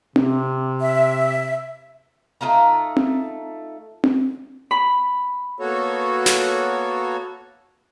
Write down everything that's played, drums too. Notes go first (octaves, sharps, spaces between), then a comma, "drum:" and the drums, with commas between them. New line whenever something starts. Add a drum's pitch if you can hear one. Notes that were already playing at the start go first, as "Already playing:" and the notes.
C3, drum: tom C4
E5
A3 D#4 F4 A#5
drum: tom C4
drum: tom C4
B5
A#3 B3 F#4 A4 C#5
drum: snare